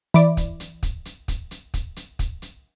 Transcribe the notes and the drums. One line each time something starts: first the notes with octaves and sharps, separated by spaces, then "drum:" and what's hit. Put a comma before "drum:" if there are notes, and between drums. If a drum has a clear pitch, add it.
E3 D5, drum: hi-hat
drum: kick, hi-hat
drum: hi-hat
drum: kick, hi-hat
drum: hi-hat
drum: kick, hi-hat
drum: hi-hat
drum: kick, hi-hat
drum: hi-hat
drum: kick, hi-hat
drum: hi-hat